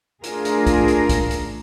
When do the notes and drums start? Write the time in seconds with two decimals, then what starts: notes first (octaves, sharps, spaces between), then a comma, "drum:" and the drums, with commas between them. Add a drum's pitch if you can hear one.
0.24 A3 D4 F4 G#4 A#4, drum: hi-hat
0.45 drum: hi-hat
0.67 drum: kick, hi-hat
0.88 drum: hi-hat
1.09 drum: kick, hi-hat
1.31 drum: hi-hat